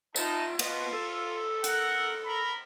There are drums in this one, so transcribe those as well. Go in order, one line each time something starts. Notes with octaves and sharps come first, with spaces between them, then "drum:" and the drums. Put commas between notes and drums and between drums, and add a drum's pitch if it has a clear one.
D#4 F4 E5 A5, drum: tambourine
B3 F4 D#5, drum: cymbal
A4
A#4 F#5, drum: hi-hat
A#4 A#5 B5